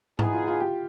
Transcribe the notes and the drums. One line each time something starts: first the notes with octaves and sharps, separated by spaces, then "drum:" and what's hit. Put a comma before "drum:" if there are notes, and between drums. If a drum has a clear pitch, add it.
B3 D#4 E4 G#4, drum: tom G#2
F4
F4
G4